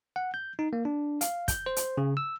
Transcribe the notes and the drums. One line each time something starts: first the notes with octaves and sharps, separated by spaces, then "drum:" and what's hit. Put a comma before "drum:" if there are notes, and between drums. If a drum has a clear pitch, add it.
F#5
G6
D#4
A#3
D4
F5, drum: hi-hat
G6, drum: kick, hi-hat
C5
drum: hi-hat
C#3
E6